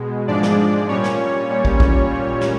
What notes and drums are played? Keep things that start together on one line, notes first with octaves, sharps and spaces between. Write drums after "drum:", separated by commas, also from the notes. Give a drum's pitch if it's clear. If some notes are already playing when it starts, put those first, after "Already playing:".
Already playing: B2 G#3
G#2 F3 G#3 D4 D5
drum: snare
A#2 G3 C#4 C#5
drum: snare
A#2 G3
drum: kick
drum: kick
A#2 G3
drum: snare